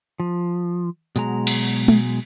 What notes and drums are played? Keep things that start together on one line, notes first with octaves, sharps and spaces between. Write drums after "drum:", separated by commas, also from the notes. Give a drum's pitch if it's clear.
F3
B2 F#3 G#3 A#5, drum: tambourine
drum: cymbal
drum: tom G#3